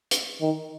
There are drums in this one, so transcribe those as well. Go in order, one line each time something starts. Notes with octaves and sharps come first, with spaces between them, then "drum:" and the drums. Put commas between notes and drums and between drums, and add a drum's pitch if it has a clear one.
drum: hi-hat
D#3